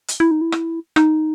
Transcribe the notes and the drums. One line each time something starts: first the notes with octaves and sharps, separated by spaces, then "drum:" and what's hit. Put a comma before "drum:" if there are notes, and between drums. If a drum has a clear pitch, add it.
drum: hi-hat
E4
D#4
E4
drum: rim click
D#4, drum: rim click